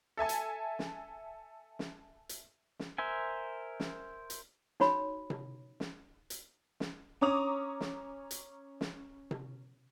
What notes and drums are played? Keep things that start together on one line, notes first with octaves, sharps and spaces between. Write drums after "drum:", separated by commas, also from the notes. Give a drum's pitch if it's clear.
A4 E5 G#5 A5
drum: hi-hat
drum: snare
drum: snare
drum: hi-hat
drum: snare
A#4 C5 E5 G#5
drum: snare
drum: hi-hat
D#4 F#4 C#5 B5, drum: snare
drum: tom C3
drum: snare
drum: hi-hat
drum: snare
C#4 C#5 A#5 D6 D#6 F7
drum: snare
drum: hi-hat
drum: snare
drum: tom C3